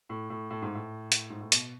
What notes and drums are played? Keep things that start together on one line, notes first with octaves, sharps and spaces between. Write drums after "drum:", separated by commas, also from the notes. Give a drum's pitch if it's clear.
A2
A2
A2
G#2
A2
drum: hi-hat
G#2
A2
B2, drum: hi-hat